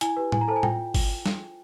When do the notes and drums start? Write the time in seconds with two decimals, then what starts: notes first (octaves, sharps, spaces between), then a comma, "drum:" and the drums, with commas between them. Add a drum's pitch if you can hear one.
0.01 E4 G#5, drum: hi-hat
0.17 G4 B4
0.32 E4 G#5, drum: tom A2
0.41 A#5
0.48 A4 C5 A5
0.56 G#5
0.63 F4 G5, drum: tom A2
0.94 drum: kick G1, open hi-hat
1.26 drum: snare